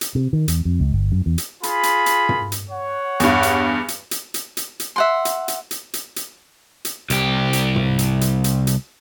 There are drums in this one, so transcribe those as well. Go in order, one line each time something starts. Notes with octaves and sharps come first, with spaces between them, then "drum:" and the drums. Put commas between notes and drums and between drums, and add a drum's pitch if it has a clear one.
drum: hi-hat
C3
D#3
E2, drum: hi-hat
F2
C#2
G1
F#2
E2
drum: hi-hat
F4 G#4 B5, drum: hi-hat
drum: hi-hat
drum: hi-hat
drum: tom
drum: hi-hat
C#5 F#5
E2 G2, drum: hi-hat
drum: hi-hat
drum: hi-hat
drum: hi-hat
drum: hi-hat
drum: hi-hat
drum: hi-hat
E5 F#5 C6
drum: hi-hat
drum: hi-hat
drum: hi-hat
drum: hi-hat
drum: hi-hat
drum: hi-hat
C2 G4, drum: hi-hat
drum: hi-hat
drum: tom
drum: hi-hat
drum: hi-hat
drum: hi-hat
drum: hi-hat